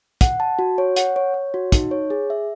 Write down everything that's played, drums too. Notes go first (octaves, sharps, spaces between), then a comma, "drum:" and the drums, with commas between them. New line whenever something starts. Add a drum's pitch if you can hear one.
F#5, drum: kick, hi-hat
A5
F#4
C#5
F#5, drum: hi-hat
C#5
C#5
F#4
D#4, drum: kick, hi-hat
C#5
G#4
E5